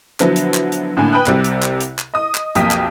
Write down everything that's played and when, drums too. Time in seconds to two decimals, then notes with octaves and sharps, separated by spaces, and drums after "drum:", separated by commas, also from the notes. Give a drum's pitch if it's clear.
0.20 D3 F3 F#3 B3 E4, drum: clap
0.36 drum: hi-hat
0.54 drum: clap
0.72 drum: hi-hat
0.97 A2 D3 A#3 G#5
1.13 B4 G5 B5 D#6 F#6
1.26 C2 C3 G3, drum: clap
1.44 drum: hi-hat
1.62 drum: clap
1.80 drum: hi-hat
1.99 drum: clap
2.14 D#5 D#6
2.35 drum: clap
2.55 B1 F2 A#3 G4 D#6 B6, drum: hi-hat
2.71 drum: clap